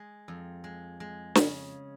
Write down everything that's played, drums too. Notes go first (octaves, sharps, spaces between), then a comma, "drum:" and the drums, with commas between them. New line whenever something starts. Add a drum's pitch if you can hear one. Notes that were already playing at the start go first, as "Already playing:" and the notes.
Already playing: G#3
F2
G#3
G#3
C#3, drum: snare